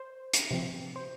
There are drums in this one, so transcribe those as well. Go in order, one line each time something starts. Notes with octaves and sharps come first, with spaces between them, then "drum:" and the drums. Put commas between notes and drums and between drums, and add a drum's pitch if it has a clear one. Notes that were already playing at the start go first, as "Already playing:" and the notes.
Already playing: C5
drum: hi-hat
C3 F3 C4
C5